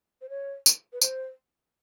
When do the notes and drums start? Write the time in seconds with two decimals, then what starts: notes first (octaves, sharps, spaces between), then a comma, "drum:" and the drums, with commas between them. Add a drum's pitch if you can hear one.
0.21 C5
0.29 C#5
0.66 drum: tambourine
0.93 B4
1.01 C5, drum: tambourine